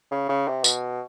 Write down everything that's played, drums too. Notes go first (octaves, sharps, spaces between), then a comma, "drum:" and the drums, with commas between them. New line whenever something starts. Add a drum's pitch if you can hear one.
C#3
C#3
C3
B2, drum: tambourine